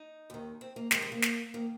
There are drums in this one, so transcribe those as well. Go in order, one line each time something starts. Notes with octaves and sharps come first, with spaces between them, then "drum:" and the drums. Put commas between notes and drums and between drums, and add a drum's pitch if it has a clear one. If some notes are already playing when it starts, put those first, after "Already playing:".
Already playing: D#4
D#2 D#3
C4
A#3
F2 C3 D#3 G#3, drum: snare
G#3
A#3
drum: snare
D#3 A#3